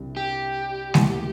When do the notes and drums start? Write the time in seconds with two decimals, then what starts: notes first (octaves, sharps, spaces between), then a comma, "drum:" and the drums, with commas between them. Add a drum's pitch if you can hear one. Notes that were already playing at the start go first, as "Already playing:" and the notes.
Already playing: C2 C3 G3 D4
0.17 G4
0.94 D2 C3 E3 A#3, drum: snare G#3